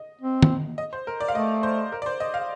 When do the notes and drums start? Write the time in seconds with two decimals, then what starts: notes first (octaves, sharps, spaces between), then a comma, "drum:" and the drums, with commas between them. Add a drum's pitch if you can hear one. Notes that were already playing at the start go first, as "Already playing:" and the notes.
Already playing: D#5
0.21 C4
0.43 drum: tom
0.78 D#5
0.93 C5
1.07 A#4
1.20 D5
1.28 F5
1.35 A3 D#5
1.63 C5
1.92 A#4
2.02 D5
2.06 C5
2.20 D#5
2.34 F5